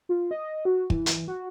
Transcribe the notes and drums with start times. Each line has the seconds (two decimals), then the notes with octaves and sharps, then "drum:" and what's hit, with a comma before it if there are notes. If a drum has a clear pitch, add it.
0.09 F4
0.31 D#5
0.65 F#4
0.90 E3, drum: kick
1.06 drum: hi-hat
1.28 F#4